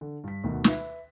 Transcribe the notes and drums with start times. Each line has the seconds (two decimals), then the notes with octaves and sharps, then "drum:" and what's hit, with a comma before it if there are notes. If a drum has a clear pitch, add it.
0.01 D3
0.24 G2 B6
0.44 D2 B2 D#3
0.64 B4 E5, drum: snare